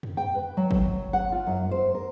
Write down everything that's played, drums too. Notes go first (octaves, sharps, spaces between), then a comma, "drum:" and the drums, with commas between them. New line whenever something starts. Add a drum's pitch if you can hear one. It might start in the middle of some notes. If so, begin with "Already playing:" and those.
drum: tom F2
G5
B4
F#3
drum: kick
F#5
F4
F#2
C5
A#4